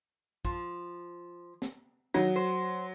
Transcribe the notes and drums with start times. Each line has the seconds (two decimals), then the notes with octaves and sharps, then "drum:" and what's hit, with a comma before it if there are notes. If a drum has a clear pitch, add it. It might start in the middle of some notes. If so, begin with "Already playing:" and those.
0.45 F3, drum: kick A#1
1.62 drum: snare
2.14 F#3 D#4, drum: tom
2.36 C5